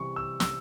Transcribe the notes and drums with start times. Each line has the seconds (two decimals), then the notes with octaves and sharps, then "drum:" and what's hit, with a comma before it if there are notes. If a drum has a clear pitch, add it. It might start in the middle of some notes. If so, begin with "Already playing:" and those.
Already playing: C3 E3 G3 C#6
0.16 E6
0.40 E6, drum: snare